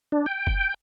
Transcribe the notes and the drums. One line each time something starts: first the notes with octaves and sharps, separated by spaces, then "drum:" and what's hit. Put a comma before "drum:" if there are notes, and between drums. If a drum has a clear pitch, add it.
D4
G5
drum: kick F#1